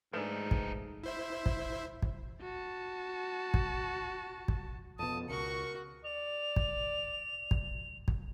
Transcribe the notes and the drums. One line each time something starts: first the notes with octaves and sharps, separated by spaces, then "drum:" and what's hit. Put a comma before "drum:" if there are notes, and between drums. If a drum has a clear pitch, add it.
G#2 F3 A3 D4 D#4 G#4 B4
drum: kick
E4 C5 E5
drum: kick
drum: kick
F#4 A5
drum: kick
drum: kick
F2 B2 A5 D#6
C#2 F#4 A#4 C#6
D5 F7
drum: kick
drum: kick
drum: kick